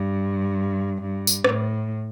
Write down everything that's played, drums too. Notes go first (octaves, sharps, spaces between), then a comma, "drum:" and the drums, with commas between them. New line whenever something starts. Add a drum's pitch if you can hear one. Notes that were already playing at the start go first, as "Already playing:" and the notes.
Already playing: G2
G2
drum: tambourine
A2, drum: rim click